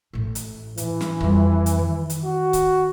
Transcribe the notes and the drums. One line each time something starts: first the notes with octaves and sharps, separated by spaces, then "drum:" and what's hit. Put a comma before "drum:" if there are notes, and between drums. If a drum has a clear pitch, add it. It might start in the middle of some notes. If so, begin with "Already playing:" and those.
A1 A2
drum: hi-hat
E3, drum: hi-hat
drum: snare
F2 G3, drum: kick C#1
drum: hi-hat
D#3
drum: hi-hat
F#4
drum: kick C#1, hi-hat